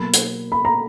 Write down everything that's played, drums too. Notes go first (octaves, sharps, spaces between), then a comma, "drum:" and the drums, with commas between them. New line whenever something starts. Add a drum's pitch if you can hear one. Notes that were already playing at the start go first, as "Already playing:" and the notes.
Already playing: B2 F#3 A#3 B5
drum: hi-hat
B5
A#5